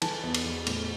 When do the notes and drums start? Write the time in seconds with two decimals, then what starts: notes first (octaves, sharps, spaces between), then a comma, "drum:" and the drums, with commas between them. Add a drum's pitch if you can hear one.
0.02 E3 A5, drum: cymbal
0.23 E2
0.34 drum: cymbal
0.45 E2
0.66 A2, drum: cymbal